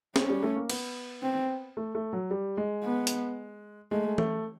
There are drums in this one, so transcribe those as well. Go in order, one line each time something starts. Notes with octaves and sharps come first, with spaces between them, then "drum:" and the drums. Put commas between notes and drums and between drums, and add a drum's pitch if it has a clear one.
C4 C#4, drum: snare
G3
A3
A#3
B3, drum: cymbal
C4
A3
A3
F#3
G3
G#3
B3
drum: hi-hat
G#3 A3
A3, drum: tom E3